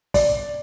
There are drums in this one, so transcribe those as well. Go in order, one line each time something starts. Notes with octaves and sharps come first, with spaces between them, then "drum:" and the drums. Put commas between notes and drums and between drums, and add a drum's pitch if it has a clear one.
D5, drum: kick, open hi-hat